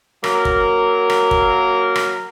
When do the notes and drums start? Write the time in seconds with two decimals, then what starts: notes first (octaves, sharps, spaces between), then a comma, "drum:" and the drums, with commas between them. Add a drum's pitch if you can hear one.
0.24 F#3 A#3 A#4, drum: rim click
0.45 drum: kick
1.10 drum: rim click
1.31 drum: kick
1.96 drum: rim click